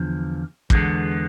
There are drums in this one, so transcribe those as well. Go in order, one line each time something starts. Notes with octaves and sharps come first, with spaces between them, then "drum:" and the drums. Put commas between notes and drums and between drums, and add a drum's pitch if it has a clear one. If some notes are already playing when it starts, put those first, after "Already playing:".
Already playing: E2 D3 F3
E2 D3 G#3 B3, drum: kick